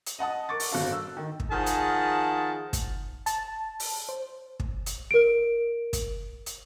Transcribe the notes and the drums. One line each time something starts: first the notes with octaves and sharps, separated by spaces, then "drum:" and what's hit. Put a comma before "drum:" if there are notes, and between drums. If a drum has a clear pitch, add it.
drum: hi-hat
D#5 F#5 A5 D#6
A#4 C#6 D6 A6
drum: open hi-hat
G1 F#4 A4 F5
E6
D#3
drum: kick
D#3 F3 G#4 F#5 A5
drum: hi-hat
drum: kick, hi-hat
A5, drum: hi-hat
drum: open hi-hat
C5
drum: kick
drum: hi-hat
A#4 D7
drum: kick, hi-hat
drum: hi-hat